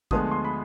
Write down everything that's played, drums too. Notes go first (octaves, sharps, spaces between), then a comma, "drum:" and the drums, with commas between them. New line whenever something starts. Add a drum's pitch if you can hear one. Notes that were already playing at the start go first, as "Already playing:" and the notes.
D2 D3 F3 G#3 B3 D#6, drum: kick G#1
C6
B5